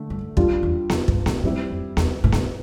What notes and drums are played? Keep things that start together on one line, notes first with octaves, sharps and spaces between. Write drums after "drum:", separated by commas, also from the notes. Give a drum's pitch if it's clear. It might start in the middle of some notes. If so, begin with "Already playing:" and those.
Already playing: D3 A3
G2
F2 G3 D4 F4, drum: kick
E2
F2, drum: snare B3
G2, drum: kick
A2, drum: snare B3
A2 G3 C4 E4 G4
F2
E2, drum: snare B3
A2
G2, drum: snare B3